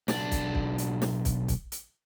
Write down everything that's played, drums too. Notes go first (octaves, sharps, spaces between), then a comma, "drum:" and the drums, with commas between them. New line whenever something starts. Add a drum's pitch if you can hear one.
B1 D4, drum: snare
drum: kick, hi-hat
drum: kick
drum: hi-hat
drum: snare
drum: kick, hi-hat
drum: kick, hi-hat
drum: hi-hat